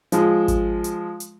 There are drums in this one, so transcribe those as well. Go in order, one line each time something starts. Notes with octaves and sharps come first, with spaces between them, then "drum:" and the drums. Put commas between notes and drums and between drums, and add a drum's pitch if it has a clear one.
F3 G#3, drum: hi-hat
drum: kick G#1, hi-hat
drum: hi-hat
drum: hi-hat